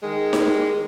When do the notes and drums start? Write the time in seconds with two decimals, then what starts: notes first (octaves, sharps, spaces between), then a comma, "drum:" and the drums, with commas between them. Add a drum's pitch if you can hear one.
0.03 D#3 G#3
0.33 drum: snare D#4